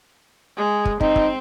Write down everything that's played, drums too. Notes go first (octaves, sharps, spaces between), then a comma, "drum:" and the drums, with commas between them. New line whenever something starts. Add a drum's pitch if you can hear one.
G#3
drum: kick
C4 D#4, drum: kick
drum: kick